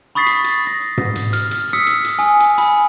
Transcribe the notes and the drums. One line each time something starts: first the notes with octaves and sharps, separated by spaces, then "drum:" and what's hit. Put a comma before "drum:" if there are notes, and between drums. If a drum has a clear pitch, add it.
B5 C#6 D#6 A6 B6 C7
drum: hi-hat
drum: hi-hat
A#6
drum: tom
drum: hi-hat
F6, drum: hi-hat
drum: hi-hat
D#6 E6 B6 C#7
drum: hi-hat
drum: hi-hat
G#5 D#6
drum: hi-hat
G#5 B5, drum: hi-hat